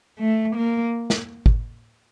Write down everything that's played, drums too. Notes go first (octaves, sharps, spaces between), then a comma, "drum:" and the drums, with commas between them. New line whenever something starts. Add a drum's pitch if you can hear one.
A3
A#3
drum: snare
drum: kick